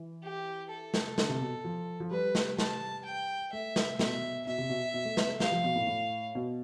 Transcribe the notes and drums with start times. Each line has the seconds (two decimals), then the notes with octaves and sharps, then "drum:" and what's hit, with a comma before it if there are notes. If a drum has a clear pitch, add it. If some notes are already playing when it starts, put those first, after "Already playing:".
Already playing: E3
0.23 G4
0.70 A4
0.94 drum: snare
1.18 D3, drum: snare
1.29 C3
1.41 B2
1.64 F3
2.00 F3
2.11 G3 B4
2.35 drum: snare
2.58 A5, drum: snare
3.05 G5
3.53 A3 E5
3.76 drum: snare
3.99 B2 E5, drum: snare
4.47 B2 E5
4.58 C3
4.69 B2
4.94 B2
5.05 A3
5.17 B3, drum: snare
5.29 A3
5.40 G3 F5, drum: snare
5.52 F3
5.64 B2
5.76 A2
5.87 A2
6.35 B2